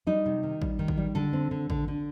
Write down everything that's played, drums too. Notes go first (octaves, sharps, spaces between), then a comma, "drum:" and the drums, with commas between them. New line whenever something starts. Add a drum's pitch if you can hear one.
G3 D#4
C3
D#3
G3, drum: kick A1
D#3
drum: kick A1
G3
D3 A4
C4
D3
D3, drum: kick A1
D3